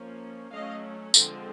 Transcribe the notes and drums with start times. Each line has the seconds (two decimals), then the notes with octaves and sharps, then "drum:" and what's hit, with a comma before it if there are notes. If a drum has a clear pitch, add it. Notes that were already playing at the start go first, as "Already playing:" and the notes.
Already playing: F3 A#3 C#4
0.51 F#3 A3 C#4 D#5 F5
1.14 D3 F3 G#3 C4, drum: tambourine